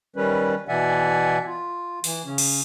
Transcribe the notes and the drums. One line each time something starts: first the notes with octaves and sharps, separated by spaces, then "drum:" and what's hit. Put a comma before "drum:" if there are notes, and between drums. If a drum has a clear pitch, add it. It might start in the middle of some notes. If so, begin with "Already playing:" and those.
D#3 G3 C#4 B4
B2 E3 D5 E5 F#5 G#5
F4
E3, drum: open hi-hat
C#3 C#4
drum: cymbal